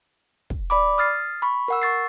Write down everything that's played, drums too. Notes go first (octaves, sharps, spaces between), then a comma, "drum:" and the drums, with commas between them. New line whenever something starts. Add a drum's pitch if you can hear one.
drum: kick
D5 B5 D6
D#6 F6 A6 C7
B5 C#6
A#4 F#5 E6
C#6 A6 C7